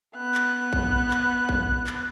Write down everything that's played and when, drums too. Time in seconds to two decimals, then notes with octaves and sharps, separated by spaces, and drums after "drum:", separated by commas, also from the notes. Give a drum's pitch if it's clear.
0.15 B3 F#6
0.35 drum: clap
0.73 drum: kick A#1
1.11 drum: clap
1.49 drum: kick A#1
1.87 drum: clap